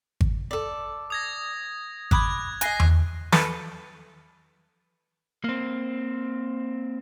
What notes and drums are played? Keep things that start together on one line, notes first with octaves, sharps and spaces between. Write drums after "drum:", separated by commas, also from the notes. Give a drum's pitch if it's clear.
drum: kick G#1
A4 D5
D#6 G#6 A#6
B5 D6 D#6 F#6 G#6, drum: kick G#1
D#5 G#5 F#6 A#6 C7, drum: hi-hat
drum: tom E2
A4 B4, drum: snare
A#3 C4